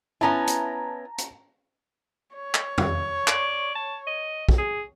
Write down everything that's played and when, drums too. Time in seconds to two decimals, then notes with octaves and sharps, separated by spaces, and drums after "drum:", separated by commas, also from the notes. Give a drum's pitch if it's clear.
0.21 B3 C#4 E4 A5 A#5
0.47 drum: hi-hat
1.18 drum: hi-hat
2.35 C#5
2.54 drum: clap
2.78 drum: tom E2
3.28 D5, drum: clap
3.76 A5
4.07 D#5
4.49 drum: kick
4.58 G#4